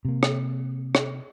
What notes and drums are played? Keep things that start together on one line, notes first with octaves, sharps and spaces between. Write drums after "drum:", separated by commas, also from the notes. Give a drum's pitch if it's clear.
C3 A#3
drum: rim click
drum: rim click